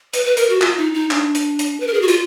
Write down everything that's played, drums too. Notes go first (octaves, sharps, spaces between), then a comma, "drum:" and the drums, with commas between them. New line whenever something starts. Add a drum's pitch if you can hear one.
B4, drum: hi-hat
B4
A#4, drum: hi-hat
F#4
F4, drum: clap
D#4
D#4
D4, drum: clap
drum: hi-hat
drum: hi-hat
B4
A#4
G#4
F#4
F4, drum: hi-hat